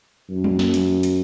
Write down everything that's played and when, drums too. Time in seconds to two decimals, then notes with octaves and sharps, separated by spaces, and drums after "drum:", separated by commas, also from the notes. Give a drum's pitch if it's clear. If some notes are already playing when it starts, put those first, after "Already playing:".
0.29 F#2
0.44 drum: tom F#3
0.59 drum: snare
0.74 drum: hi-hat
1.03 drum: hi-hat